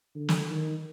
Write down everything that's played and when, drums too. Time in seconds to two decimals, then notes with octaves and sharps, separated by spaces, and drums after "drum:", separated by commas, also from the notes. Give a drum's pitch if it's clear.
0.16 D3
0.29 drum: snare
0.51 D#3